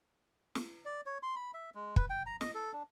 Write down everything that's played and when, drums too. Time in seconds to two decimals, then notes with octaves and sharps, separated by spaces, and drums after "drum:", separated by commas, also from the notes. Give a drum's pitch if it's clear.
0.55 drum: snare
0.85 D5
1.06 C#5
1.23 C6
1.36 B5
1.54 E5
1.75 G#3
1.96 B4, drum: kick
2.10 G5
2.26 A#5
2.41 D#5, drum: snare
2.54 A4
2.73 D4